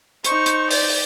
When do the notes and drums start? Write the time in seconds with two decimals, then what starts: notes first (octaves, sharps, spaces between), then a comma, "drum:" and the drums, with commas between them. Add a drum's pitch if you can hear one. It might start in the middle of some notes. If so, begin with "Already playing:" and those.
0.24 D#4 C5 C#6, drum: hi-hat
0.46 drum: hi-hat
0.71 D5, drum: open hi-hat
0.89 drum: open hi-hat